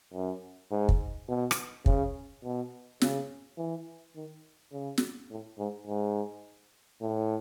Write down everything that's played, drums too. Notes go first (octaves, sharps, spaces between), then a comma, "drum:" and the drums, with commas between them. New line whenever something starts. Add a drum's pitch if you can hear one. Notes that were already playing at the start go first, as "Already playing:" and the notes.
F#2
G#2
drum: kick
B2
drum: rim click
C#3, drum: kick
B2
C#3, drum: snare
E3
D#3
C#3
drum: snare
A2
G#2
G#2
A2